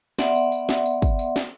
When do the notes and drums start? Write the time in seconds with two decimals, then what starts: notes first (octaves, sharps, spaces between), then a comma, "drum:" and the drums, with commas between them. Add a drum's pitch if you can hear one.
0.19 B3 D5 E5 F#5 C6, drum: snare
0.35 drum: tambourine
0.52 drum: tambourine
0.69 drum: snare
0.86 drum: tambourine
1.02 drum: kick, tambourine
1.19 drum: tambourine
1.36 drum: snare